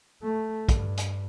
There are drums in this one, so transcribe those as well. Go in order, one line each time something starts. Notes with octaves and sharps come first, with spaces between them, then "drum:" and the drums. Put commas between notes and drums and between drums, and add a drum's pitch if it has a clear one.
A3
G2, drum: kick, hi-hat
drum: hi-hat